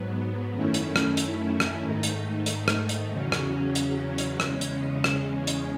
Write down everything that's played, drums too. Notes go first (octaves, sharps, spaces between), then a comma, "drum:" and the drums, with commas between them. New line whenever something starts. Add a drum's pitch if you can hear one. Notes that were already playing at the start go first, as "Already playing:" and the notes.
Already playing: G#2 F#3 B3
F#2 D#3 A3 C#4 E4
drum: hi-hat
drum: rim click
drum: hi-hat
drum: rim click
G#2 D#3 A3 D#4
drum: hi-hat
drum: hi-hat
drum: rim click
drum: hi-hat
E2 C#3 F#3 C#4
drum: rim click
drum: hi-hat
drum: hi-hat
E2 C#3 G#3 C#4, drum: rim click
drum: hi-hat
drum: rim click
drum: hi-hat